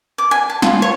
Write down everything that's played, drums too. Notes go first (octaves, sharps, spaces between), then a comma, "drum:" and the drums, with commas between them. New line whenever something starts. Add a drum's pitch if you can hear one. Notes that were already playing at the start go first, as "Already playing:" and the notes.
D6
G#5
A5
F4, drum: snare
C#5